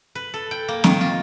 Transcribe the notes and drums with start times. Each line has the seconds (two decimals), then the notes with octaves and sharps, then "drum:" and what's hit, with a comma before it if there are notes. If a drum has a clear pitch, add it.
0.15 B4
0.34 A4
0.51 G5
0.68 A#3
0.84 D#3, drum: snare
1.01 F4